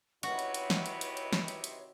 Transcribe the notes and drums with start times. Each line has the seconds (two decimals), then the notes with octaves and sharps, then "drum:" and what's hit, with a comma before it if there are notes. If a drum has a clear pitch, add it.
0.23 C3 D#3 E4 F#4 B4 C#5 D#5, drum: hi-hat
0.39 drum: hi-hat
0.54 drum: hi-hat
0.70 drum: snare
0.86 drum: hi-hat
1.01 drum: hi-hat
1.17 drum: hi-hat
1.33 drum: snare
1.48 drum: hi-hat
1.64 drum: hi-hat